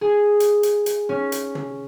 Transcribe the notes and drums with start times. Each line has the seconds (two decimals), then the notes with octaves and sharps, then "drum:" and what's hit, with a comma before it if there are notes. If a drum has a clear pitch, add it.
0.01 G#4
0.40 drum: hi-hat
0.63 drum: hi-hat
0.86 drum: hi-hat
1.09 C#4
1.32 drum: hi-hat
1.55 drum: tom